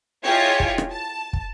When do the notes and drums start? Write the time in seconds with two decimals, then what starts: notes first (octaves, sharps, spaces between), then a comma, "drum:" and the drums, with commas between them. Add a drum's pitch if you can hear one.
0.23 E4 F4 G4 G#4 C#5 D#5
0.60 drum: kick
0.78 drum: rim click
0.91 A5
1.33 drum: kick